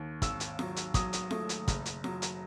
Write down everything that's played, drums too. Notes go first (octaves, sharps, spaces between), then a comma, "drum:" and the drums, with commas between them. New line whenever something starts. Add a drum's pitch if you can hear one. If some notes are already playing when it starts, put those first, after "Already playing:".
Already playing: D#2
G#1 E6, drum: kick, hi-hat
drum: hi-hat
F#3, drum: snare F4
drum: hi-hat
F#3 D#6, drum: kick, hi-hat
drum: hi-hat
A3, drum: snare F4
drum: hi-hat
F#1, drum: kick, hi-hat
drum: hi-hat
F#3, drum: snare F4
drum: hi-hat